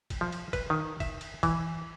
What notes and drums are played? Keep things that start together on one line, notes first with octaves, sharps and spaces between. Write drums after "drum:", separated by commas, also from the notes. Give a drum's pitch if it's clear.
drum: kick, cymbal
F3
drum: cymbal
B4, drum: kick, cymbal
D#3
E5, drum: kick, cymbal
drum: cymbal
E3, drum: kick, cymbal